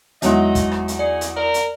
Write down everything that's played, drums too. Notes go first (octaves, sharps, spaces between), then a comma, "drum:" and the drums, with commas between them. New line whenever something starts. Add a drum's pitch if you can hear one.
E2 F#3 G#3 D#4 C#5 D#5 E5, drum: hi-hat
drum: kick, hi-hat
drum: rim click
drum: hi-hat
G#4 D5 C#7
drum: hi-hat
A#4 D5
drum: hi-hat